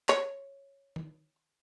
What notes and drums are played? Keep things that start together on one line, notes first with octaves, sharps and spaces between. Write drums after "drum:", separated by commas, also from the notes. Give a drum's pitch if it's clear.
C#5, drum: clap
drum: tom D#3